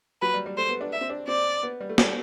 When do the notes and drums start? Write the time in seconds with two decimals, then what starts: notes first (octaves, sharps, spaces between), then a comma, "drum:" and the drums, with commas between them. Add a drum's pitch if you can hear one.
0.22 F#3 B4
0.34 G3
0.46 G3
0.57 A3 C5
0.69 B3
0.81 D4
0.93 E5
1.01 C4
1.09 D4
1.28 C4 D5
1.63 B3
1.80 G3
1.89 A3
1.98 G3, drum: snare